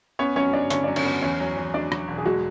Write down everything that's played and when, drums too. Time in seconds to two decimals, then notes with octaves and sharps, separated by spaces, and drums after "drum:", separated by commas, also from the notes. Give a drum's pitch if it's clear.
0.19 B3 C#4 C#5
0.36 F#3 C#4 C#5
0.53 F#3 D4 D5
0.70 D3 C#4 C#5, drum: hi-hat
0.84 F#3 D4 D5
0.96 C#4 C#5, drum: cymbal
1.05 B3
1.22 E2 C#4 C#5
1.40 F#3
1.57 E2
1.74 F#3 D4 D5
1.92 F#3, drum: rim click
2.08 E1
2.18 G#4
2.25 F#3 G#3 F#4